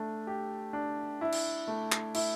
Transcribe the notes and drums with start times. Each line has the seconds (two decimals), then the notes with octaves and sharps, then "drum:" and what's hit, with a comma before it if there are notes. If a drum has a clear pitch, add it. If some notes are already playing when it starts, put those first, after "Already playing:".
Already playing: A3 D4
0.27 G4
0.73 D4
1.21 E4
1.33 drum: cymbal
1.68 A3
1.92 drum: clap
2.15 E4, drum: cymbal